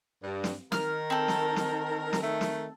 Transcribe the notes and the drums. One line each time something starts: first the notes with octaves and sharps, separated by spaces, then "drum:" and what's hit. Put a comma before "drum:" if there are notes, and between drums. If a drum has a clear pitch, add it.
G2
drum: snare
D#3 A#4 F6, drum: snare
C4 A4
drum: snare
drum: snare
drum: snare
D#3 A3
drum: snare